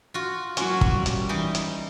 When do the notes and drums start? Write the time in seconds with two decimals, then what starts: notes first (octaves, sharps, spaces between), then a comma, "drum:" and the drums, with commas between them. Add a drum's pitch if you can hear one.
0.14 F4 F#4
0.57 F#3 A#3 C#4 F#4, drum: hi-hat
0.81 drum: kick
0.97 G3
1.06 drum: hi-hat
1.29 E3 D#4
1.55 drum: hi-hat